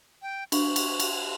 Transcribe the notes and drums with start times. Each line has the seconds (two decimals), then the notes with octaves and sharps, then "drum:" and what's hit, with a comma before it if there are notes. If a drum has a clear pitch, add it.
0.22 G5
0.52 D4 C#6, drum: cymbal
0.76 drum: cymbal
1.00 drum: cymbal